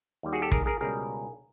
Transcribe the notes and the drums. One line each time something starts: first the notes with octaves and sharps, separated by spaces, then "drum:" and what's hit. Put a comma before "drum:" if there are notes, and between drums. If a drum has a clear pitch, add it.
D#2 D#3 G3
F#4 G#4
G4 A4
G#4 A#4, drum: kick
G#4 A#4
C#2 B2 G3 G#4 A#4